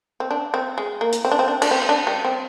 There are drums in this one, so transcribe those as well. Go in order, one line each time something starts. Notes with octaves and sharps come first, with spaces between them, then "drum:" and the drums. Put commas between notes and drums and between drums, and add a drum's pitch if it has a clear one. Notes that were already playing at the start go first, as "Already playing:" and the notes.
C4
D4
C4
G#3
A#3
drum: hi-hat
C4
D4
C4
D4
D4, drum: cymbal
C4
C4
D4
G3
C4